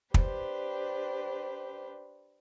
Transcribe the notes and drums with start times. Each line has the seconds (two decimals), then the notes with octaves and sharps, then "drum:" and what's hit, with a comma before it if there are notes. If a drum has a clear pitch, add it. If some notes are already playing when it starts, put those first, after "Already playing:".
0.14 D4 G4 B4 C5, drum: kick